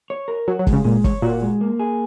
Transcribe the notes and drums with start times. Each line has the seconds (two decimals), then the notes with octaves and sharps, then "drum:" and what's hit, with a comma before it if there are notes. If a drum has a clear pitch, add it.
0.10 C#5
0.28 A#4
0.48 F#3 F#4
0.59 F#3
0.67 G#3, drum: kick F#1
0.73 C#3
0.85 A#2 G#3
1.04 C#5, drum: kick F#1
1.22 A#2 F#4
1.42 G#3
1.61 A#3
1.80 G#4